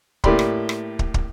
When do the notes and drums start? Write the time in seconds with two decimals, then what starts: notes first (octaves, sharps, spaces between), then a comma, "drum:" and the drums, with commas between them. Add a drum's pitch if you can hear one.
0.24 A2 A#3 G4 D5 B5 C6, drum: kick
0.39 drum: rim click
0.69 drum: rim click
0.99 drum: kick
1.14 drum: kick